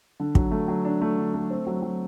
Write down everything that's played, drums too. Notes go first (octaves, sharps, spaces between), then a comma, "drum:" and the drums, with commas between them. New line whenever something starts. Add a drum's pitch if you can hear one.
D3
F#3, drum: kick
A3
F#3
D4
A3
D3
A3
C4
F#3
F#3